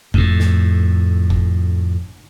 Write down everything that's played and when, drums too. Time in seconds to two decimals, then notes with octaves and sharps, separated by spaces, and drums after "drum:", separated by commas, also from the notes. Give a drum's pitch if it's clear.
0.14 F2 A2, drum: kick F#1
0.40 drum: snare
1.30 drum: kick F#1